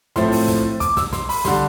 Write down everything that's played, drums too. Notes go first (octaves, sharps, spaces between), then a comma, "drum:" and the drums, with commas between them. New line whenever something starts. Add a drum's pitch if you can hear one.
A2 F3 A3 C4 C6, drum: snare
drum: open hi-hat
drum: snare
D6, drum: kick, hi-hat
E6, drum: snare
C6, drum: snare
B5, drum: open hi-hat
D3 G3 C6, drum: snare